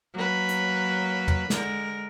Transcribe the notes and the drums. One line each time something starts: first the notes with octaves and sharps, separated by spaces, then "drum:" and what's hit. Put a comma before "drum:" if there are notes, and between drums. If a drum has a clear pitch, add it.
F#3 A#3 B4
drum: hi-hat
drum: tom
D3 G#3 A#4, drum: snare